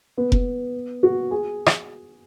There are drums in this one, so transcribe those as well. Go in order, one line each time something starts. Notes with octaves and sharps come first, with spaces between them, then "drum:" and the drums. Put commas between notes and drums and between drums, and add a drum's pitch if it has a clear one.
B3
B3, drum: kick F1
F#4
G#4
drum: rim click